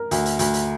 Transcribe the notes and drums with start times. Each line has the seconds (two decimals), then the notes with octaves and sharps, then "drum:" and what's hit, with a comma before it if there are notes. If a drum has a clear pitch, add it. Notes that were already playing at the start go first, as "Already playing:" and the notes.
Already playing: A#4
0.11 D2, drum: hi-hat
0.26 drum: hi-hat
0.39 D2, drum: hi-hat
0.54 drum: hi-hat